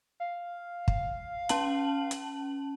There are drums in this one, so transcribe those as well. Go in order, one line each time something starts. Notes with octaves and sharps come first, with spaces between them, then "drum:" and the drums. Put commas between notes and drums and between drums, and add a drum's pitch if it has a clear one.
F5
drum: kick
C#4 A5 F#7, drum: hi-hat
drum: hi-hat